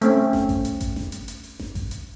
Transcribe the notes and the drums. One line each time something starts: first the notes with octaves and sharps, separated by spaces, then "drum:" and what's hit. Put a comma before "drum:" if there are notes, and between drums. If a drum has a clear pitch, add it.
A3 C4 C#4, drum: hi-hat
drum: snare G1
drum: kick A1, open hi-hat
drum: hi-hat
drum: kick A1, hi-hat
drum: snare G1
drum: hi-hat
drum: hi-hat
drum: open hi-hat
drum: snare G1
drum: kick A1, open hi-hat
drum: hi-hat